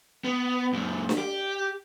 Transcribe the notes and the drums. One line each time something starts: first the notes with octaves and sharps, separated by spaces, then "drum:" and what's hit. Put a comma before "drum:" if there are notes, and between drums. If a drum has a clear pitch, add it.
B3
F#2 A#2
drum: snare D4
G4